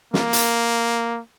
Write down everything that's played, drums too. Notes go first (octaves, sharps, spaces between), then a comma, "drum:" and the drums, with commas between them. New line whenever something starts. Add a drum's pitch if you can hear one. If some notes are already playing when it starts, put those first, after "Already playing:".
A#3, drum: snare
drum: hi-hat